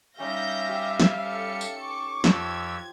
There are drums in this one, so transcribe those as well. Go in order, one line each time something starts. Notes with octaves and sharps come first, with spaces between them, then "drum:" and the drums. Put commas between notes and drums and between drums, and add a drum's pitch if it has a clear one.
G3 C#4 D#4 E5 F5 G6 A#6
G4
drum: snare
A4 C#7
drum: tambourine
C#6 D6
F2 F3 G4 C5 E6 G#6, drum: snare